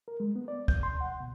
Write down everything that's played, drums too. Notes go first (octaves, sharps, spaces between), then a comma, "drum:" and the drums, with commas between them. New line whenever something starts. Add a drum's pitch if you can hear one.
A#4
G#3
B3
D5
G6, drum: kick
C6
F#5
B2